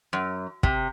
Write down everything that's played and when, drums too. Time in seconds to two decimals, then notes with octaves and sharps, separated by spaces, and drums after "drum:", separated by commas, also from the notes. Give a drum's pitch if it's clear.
0.13 F#2
0.63 C3, drum: kick